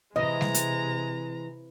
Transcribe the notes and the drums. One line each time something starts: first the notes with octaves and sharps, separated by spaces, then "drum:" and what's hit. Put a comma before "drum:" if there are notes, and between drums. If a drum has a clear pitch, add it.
C3 E3 G#3 D#5 A#5
drum: snare G3
drum: hi-hat